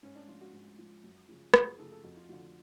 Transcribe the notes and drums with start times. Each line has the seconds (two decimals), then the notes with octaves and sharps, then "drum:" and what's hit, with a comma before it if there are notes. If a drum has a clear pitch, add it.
0.03 G#2 C#4
0.16 D4
0.28 F3 F4
0.41 F#4
0.53 G#2
0.78 F3
1.04 F#2
1.29 C#3 F3
1.54 F#2 F4, drum: rim click
1.66 G#4
1.79 C#3 F3 A4
1.92 A4
2.04 F2 F#4
2.17 F4
2.29 D3 F3 F#4